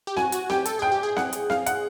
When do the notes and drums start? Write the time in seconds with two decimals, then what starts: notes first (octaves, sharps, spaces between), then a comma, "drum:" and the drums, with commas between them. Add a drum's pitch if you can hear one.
0.07 G4
0.17 F#4 G#5, drum: snare C4
0.32 F#4, drum: hi-hat
0.50 G4 G5, drum: snare C4
0.66 A4, drum: hi-hat
0.79 G#4 G5
0.92 G4
1.03 G#4
1.17 F#5, drum: snare C4
1.33 drum: hi-hat
1.50 F5, drum: snare C4
1.66 F#5, drum: hi-hat